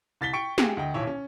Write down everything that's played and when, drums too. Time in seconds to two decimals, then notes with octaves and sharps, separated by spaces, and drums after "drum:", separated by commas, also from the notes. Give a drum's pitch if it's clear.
0.21 C2 A6 B6 G7
0.33 G5 C#6 C#7 D7
0.58 G4 G#4, drum: snare
0.77 D2 D#5 G5
0.94 D#1 B1 E4 C#5
1.07 C#4